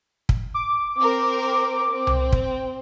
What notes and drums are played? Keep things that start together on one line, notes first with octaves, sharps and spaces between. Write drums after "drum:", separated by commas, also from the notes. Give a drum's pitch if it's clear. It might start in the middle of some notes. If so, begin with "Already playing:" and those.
drum: kick
D6
C4 A#4 C5
C4
drum: tom C2
drum: kick